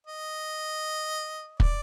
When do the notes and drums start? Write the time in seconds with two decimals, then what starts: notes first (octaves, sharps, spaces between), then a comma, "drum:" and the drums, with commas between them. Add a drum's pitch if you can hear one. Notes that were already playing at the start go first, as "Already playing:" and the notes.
0.07 D#5
1.60 D5, drum: kick